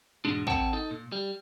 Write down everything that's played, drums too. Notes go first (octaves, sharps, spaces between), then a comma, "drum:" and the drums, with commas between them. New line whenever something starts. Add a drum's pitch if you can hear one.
E2 G#2 B2 G#3 D4
C4 A#4 C#5 F#5 G5 A5, drum: kick
D#4 A4
A#2
G3